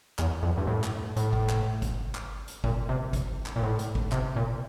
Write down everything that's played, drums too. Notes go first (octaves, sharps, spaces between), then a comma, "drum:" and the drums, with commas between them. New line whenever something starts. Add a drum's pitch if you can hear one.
E2, drum: clap
F2
G2
A2
drum: clap
A2, drum: hi-hat
drum: kick G1
drum: clap
drum: kick G1, hi-hat
drum: clap
drum: hi-hat
A#2, drum: kick G1
C3
drum: kick G1, hi-hat
drum: clap
A#2
A2
drum: hi-hat
drum: kick G1
C3, drum: clap
A#2